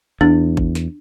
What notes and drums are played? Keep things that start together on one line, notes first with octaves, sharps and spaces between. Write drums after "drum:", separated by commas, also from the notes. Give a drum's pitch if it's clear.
E2 D4
drum: kick G#1
drum: snare